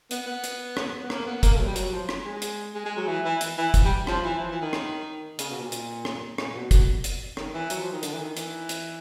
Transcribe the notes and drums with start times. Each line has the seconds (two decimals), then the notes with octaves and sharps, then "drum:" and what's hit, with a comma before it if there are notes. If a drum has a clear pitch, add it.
0.11 B3, drum: hi-hat
0.27 B3
0.44 drum: hi-hat
0.77 drum: rim click
1.03 B3
1.10 A#3, drum: rim click
1.26 B3
1.43 A#3, drum: kick, hi-hat
1.54 A3
1.60 F#3
1.65 G3
1.76 F#3, drum: hi-hat
1.92 F3
2.09 drum: rim click
2.25 G#3
2.42 drum: hi-hat
2.75 G#3
2.86 G#3
2.97 F#3
3.08 E3
3.25 E3
3.41 drum: hi-hat
3.58 E3
3.74 drum: kick, hi-hat
3.85 G3
4.07 F3, drum: rim click
4.24 E3
4.39 F3
4.51 E3
4.61 D#3
4.73 drum: rim click
5.39 C#3, drum: hi-hat
5.50 B2
5.61 A#2
5.72 drum: hi-hat
6.05 drum: rim click
6.38 A#2, drum: rim click
6.55 B2
6.71 B2, drum: kick, hi-hat
7.04 drum: hi-hat
7.37 D#3, drum: rim click
7.54 E3
7.70 F#3, drum: hi-hat
7.81 F3
7.92 D#3
8.03 D3, drum: hi-hat
8.13 E3
8.20 D#3
8.37 E3, drum: hi-hat
8.69 drum: hi-hat